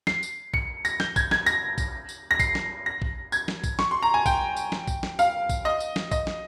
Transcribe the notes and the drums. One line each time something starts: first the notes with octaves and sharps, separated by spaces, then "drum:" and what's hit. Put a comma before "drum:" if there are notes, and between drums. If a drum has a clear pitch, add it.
C7, drum: snare
drum: tambourine
C#7, drum: kick A#1
A#6, drum: tambourine
G6, drum: snare
G#6, drum: kick A#1, tambourine
G#6, drum: snare
A#6, drum: tambourine
drum: kick A#1, tambourine
drum: tambourine
A#6
C7, drum: kick A#1, tambourine
drum: snare
A#6
drum: kick A#1
G#6, drum: tambourine
drum: snare
drum: kick A#1, tambourine
C#6, drum: snare
C6
A#5
G#5
G5, drum: kick A#1, tambourine
drum: tambourine
drum: snare
drum: kick A#1, tambourine
drum: snare
F5, drum: tambourine
drum: kick A#1, tambourine
D#5
drum: tambourine
drum: snare
D#5, drum: kick A#1, tambourine
drum: snare